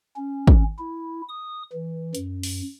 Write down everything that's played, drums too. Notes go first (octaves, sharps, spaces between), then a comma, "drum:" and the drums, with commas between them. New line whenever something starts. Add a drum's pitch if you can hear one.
C#4
drum: kick
E4
D#6
E3
F#2, drum: hi-hat
drum: open hi-hat